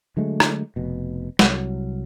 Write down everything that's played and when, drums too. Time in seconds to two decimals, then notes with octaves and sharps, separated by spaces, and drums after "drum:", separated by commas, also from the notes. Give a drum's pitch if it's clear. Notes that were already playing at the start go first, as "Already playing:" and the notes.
0.17 D3 F#3 G#3 A3
0.40 drum: rim click
0.76 F1 B2
1.39 C2 F#3, drum: snare